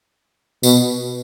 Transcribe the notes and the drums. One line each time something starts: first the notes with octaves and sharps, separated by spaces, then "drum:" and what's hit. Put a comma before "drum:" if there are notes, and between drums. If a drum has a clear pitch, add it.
B2, drum: tambourine